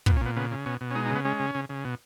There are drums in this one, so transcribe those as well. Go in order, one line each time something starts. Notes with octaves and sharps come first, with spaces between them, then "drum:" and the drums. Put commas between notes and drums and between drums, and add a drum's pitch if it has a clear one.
A#2 B3, drum: kick
C#4
A#2 B3
C#3 B3
C#3
B2 C#4
B2
C#4
G#3 D#4
D#4
C#3
B3
G#3 C#4
C#3
C#3
C#3
B2